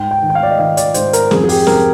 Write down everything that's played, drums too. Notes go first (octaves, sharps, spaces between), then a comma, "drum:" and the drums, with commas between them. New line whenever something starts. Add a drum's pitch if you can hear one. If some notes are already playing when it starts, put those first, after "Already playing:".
Already playing: G#2 G5
G5
D#3
G5
F5
D5
D#5
D#3 F5
D5, drum: hi-hat
G#2 C5, drum: hi-hat
A#4, drum: hi-hat
F2 G#4, drum: snare C#4
G#4
G4, drum: open hi-hat
C3 A#4, drum: snare C#4